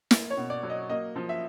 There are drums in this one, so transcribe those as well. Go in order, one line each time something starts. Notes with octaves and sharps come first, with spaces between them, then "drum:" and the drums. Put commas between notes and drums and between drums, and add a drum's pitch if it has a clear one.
A#3, drum: snare
C#5
B2
D5
F#3
D#5
A#3 D#5
F3
E5